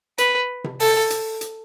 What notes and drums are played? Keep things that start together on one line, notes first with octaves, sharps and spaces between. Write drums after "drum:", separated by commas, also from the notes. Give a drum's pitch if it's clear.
B4, drum: hi-hat
drum: tom C3
A4, drum: open hi-hat
drum: hi-hat
drum: hi-hat